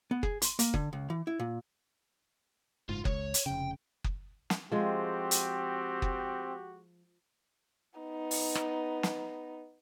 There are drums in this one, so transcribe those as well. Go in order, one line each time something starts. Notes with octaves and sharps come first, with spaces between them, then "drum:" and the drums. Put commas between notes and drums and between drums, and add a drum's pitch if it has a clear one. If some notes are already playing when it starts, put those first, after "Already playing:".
B3
G#4, drum: kick F#1
C6, drum: hi-hat
A#3, drum: hi-hat
D3, drum: kick F#1
C#2
E3
E4
A#2
F#1 G#2 F4
C#2 C#5, drum: kick F#1
drum: hi-hat
F1 C#3 G5
drum: kick F#1
drum: snare
F3 G#3 C4 F#4 G4
drum: hi-hat
drum: kick F#1
B3 D#4
drum: open hi-hat
drum: rim click
drum: snare